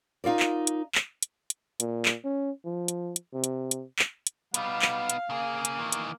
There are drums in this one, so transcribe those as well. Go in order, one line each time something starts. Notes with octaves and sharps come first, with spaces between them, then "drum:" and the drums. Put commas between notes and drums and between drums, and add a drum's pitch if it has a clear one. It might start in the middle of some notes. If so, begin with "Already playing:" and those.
D#4 F4 A#4 D5
drum: clap
drum: hi-hat
drum: clap
drum: hi-hat
drum: hi-hat
A#2, drum: hi-hat
drum: clap
C#4
F3
drum: hi-hat
drum: hi-hat
C3
drum: hi-hat
drum: hi-hat
drum: clap
drum: hi-hat
G3 B3 D#4 F5, drum: hi-hat
drum: clap
drum: hi-hat
C#3 A#3 G#4
drum: hi-hat
D#3 E3
drum: hi-hat